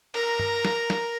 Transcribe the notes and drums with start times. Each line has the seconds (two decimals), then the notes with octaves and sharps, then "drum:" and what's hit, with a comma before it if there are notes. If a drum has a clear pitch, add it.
0.14 A#4 A#5, drum: cymbal
0.39 drum: tom
0.65 drum: snare
0.90 drum: snare